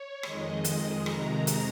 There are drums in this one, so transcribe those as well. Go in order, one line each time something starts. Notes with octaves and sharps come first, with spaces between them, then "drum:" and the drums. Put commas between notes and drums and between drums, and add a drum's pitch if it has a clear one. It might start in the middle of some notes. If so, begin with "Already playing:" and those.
Already playing: C#5
F2 D#3 G#3 D#5, drum: rim click
drum: hi-hat
F2 C3 D#3 G#3 A#5, drum: rim click
drum: hi-hat